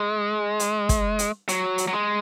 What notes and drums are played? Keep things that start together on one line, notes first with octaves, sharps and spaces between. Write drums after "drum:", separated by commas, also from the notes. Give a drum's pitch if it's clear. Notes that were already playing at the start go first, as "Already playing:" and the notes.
Already playing: G#3
drum: hi-hat
drum: kick, hi-hat
drum: hi-hat
F#3, drum: hi-hat
drum: hi-hat
F#3
G#3